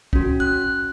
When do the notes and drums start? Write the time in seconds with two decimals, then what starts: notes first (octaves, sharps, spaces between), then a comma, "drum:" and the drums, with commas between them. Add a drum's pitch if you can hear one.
0.13 C#4 F#4, drum: kick
0.40 F#6